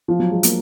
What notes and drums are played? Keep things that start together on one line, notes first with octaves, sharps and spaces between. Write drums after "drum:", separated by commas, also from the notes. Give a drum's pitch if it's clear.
F3
F#3
G#3
A#3, drum: hi-hat